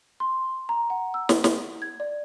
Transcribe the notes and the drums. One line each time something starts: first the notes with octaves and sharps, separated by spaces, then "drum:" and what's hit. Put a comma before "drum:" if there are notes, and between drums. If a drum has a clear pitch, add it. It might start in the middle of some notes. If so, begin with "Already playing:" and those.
C6
A#5
F#5
E6
drum: snare
drum: snare
G#6
D5